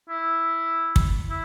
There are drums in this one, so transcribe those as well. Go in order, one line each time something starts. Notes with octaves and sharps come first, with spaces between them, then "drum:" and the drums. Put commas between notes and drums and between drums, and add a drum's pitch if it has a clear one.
E4
drum: kick
E4